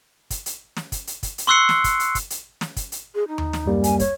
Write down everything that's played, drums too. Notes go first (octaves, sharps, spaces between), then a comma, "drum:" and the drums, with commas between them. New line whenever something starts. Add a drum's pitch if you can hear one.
drum: kick, hi-hat
drum: hi-hat
drum: snare
drum: kick, hi-hat
drum: hi-hat
drum: kick, hi-hat
drum: hi-hat
C6 C#6 E6 F#6 C7 C#7
drum: snare
drum: kick, hi-hat
drum: hi-hat
drum: kick, hi-hat
drum: hi-hat
drum: snare
drum: kick, hi-hat
drum: hi-hat
G#4
D#4
drum: tom D#2
drum: snare
F#2 G3 A#3
G#5, drum: hi-hat
C#5, drum: kick, hi-hat